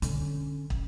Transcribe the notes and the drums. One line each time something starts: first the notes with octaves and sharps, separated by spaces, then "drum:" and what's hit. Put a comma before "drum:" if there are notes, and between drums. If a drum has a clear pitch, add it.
D3 C#4, drum: hi-hat
drum: kick